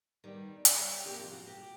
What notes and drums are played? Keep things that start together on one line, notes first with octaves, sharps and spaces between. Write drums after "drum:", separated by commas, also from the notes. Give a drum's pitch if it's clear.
D#3 G3 B3
D5, drum: hi-hat
C#5
G4
C3 F3 A#3 G4
F4
F#4
G4